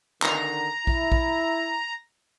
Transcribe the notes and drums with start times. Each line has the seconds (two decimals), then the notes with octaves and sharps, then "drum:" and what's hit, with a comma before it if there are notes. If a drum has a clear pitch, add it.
0.22 D3 D#3 A#5, drum: clap
0.87 E4, drum: kick A#1
1.12 drum: kick A#1